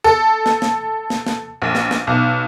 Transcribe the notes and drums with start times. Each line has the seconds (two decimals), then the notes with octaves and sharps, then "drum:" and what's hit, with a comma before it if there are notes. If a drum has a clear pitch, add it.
0.04 A4
0.46 drum: snare
0.62 drum: snare
1.10 drum: snare
1.26 drum: snare
1.62 A#1
1.75 drum: snare
1.91 drum: snare
2.07 B1